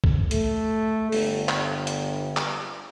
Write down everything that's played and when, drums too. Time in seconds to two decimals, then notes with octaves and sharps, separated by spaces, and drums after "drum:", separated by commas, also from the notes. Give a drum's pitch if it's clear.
0.04 drum: kick
0.31 A3, drum: hi-hat
1.12 G1, drum: open hi-hat
1.49 drum: clap
1.87 drum: hi-hat
2.37 drum: clap